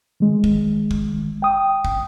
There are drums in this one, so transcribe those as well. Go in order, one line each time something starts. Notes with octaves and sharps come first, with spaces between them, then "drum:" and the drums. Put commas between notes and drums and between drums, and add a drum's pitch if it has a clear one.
D#3 G#3
drum: kick
drum: kick
G5 D#6
drum: kick